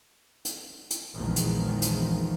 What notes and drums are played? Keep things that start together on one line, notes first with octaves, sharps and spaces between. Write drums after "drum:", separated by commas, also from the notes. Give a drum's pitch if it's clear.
drum: hi-hat
drum: hi-hat
A#1 E2 D#3 F3 G#3
drum: hi-hat
drum: hi-hat